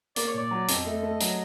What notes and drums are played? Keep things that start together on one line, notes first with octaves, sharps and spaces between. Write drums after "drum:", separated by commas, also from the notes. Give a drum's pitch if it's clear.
A#3 D5, drum: hi-hat
C#5
A#2 D5
F#3
F2 D#5, drum: hi-hat
A3
A3
F#3, drum: hi-hat